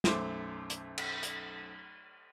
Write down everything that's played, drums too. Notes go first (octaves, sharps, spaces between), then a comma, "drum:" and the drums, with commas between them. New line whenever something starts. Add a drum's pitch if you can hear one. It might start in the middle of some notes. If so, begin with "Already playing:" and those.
B1 F#2 A3 C5 D6, drum: snare
drum: hi-hat
drum: cymbal
drum: hi-hat